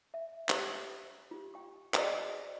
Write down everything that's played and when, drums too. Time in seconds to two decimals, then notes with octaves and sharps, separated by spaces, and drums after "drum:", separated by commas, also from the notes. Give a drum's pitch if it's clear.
0.14 E5
0.49 G4 C5, drum: clap
1.31 F4 G4
1.54 G5 C#6
1.94 F#4 G#4 C5 D5 D#5, drum: clap